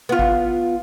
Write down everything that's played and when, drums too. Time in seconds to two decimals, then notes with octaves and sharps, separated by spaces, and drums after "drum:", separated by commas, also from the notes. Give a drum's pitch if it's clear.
0.09 B3 F4
0.19 drum: kick G#1